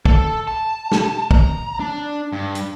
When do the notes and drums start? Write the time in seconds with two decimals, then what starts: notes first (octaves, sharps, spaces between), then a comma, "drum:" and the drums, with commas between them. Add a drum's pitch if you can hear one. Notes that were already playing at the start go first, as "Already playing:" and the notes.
0.05 A4, drum: kick
0.47 A5
0.92 drum: snare
1.31 A#5, drum: kick
1.80 D4
2.33 G2
2.55 drum: hi-hat